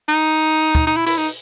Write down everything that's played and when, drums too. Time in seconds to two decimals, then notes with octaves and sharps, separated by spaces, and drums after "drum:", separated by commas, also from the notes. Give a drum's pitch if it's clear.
0.08 D#4
0.75 drum: kick
0.87 D#4
0.96 E4
1.06 E4, drum: open hi-hat
1.17 D#4